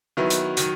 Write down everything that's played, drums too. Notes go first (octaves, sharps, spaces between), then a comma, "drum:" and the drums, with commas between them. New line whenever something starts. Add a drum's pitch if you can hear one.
D#3 F#3 B3 E4
drum: hi-hat
D#3 F#3, drum: hi-hat